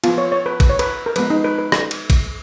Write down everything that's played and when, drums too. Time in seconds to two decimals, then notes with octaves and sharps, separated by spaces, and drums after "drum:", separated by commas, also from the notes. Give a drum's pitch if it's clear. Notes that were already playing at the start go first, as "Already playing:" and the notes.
0.04 F3 B3 F4, drum: cymbal
0.18 C#5
0.32 C#5
0.46 B4
0.60 B4, drum: kick A1, cymbal
0.70 C#5
0.79 B4, drum: cymbal
1.06 A#4
1.16 F3 G#3 B3 B4, drum: cymbal
1.30 D#4
1.44 B4
1.59 B4
1.72 drum: rim click
1.91 drum: cymbal
2.10 drum: kick A1, cymbal